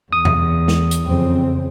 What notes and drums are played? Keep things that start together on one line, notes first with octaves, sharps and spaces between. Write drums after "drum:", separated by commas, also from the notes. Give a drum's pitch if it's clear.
E2 D#6
drum: tom E2
drum: snare
drum: hi-hat
F2 C#3 C4